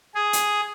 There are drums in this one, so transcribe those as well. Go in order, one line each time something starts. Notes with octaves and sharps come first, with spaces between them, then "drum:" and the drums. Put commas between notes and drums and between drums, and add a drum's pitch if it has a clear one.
G#4
drum: hi-hat